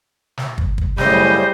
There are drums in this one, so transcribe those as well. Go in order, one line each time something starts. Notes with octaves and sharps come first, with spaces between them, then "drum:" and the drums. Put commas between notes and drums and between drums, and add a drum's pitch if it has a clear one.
drum: snare
drum: kick
drum: kick
F#2 A2 C#3 G3 C5 D#5 G6, drum: snare